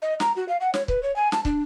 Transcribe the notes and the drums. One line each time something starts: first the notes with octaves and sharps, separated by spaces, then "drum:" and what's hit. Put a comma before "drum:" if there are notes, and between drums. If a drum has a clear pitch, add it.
D#5
A#5, drum: snare
F#4
F5
F#5
C#5, drum: snare
B4, drum: kick
C#5
G#5
A5, drum: snare
D4, drum: kick